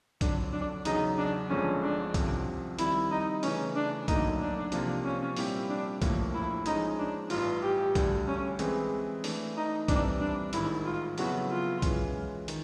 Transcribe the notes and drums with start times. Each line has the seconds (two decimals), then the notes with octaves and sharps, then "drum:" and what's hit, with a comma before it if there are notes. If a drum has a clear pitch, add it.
0.21 F2 D3 F#3 D4, drum: kick B1, hi-hat
0.53 D4
0.85 E2 C#3 F#3 D#4, drum: hi-hat
1.18 D4
1.49 G1 F2 D3 F3 G#3 C#4
1.82 D4
2.14 C2 C3 F3, drum: kick B1, hi-hat
2.79 D#3 G3 C4 E4, drum: hi-hat
3.11 D#4
3.43 C#3 E3 A3 C#4, drum: open hi-hat
3.76 D4
4.08 D2 D3 F#3 A#3 D#4, drum: kick B1, hi-hat
4.41 D4
4.72 C3 F3 A#3 D4 F4, drum: hi-hat
5.05 C#4
5.37 A#2 G3 C4 E4 G4, drum: open hi-hat
5.69 D4
6.02 A#1 A2 F3 A#3, drum: kick B1, hi-hat
6.34 E4
6.66 F3 G#3 C#4 D#4, drum: hi-hat
6.99 D4
7.30 A1 G2 E3 F4, drum: open hi-hat
7.62 G4
7.95 D2 D3 G3, drum: kick B1, hi-hat
8.28 C#4
8.59 E3 G#3 C4 E4 G#4, drum: hi-hat
9.24 E3 A3 D4, drum: open hi-hat
9.57 D#4
9.88 E3 G3 C4 D4 E4, drum: kick B1, hi-hat
10.20 D4
10.53 A1 G#2 D#3 E4, drum: hi-hat
10.85 F4
11.18 F2 C#3 F#3 B3 E4 F#4, drum: open hi-hat
11.50 F4
11.82 E3 G#3 C#4, drum: kick B1, hi-hat
12.48 D#3, drum: hi-hat